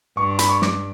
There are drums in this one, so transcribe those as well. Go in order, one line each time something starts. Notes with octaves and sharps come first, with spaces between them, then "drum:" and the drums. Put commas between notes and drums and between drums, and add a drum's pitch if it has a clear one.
G2 C#6
B5, drum: hi-hat
C#6
D6, drum: snare